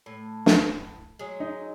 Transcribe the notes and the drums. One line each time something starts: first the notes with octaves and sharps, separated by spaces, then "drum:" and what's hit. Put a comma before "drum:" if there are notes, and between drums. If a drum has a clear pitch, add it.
A2
drum: snare
F#3 G#3
D#4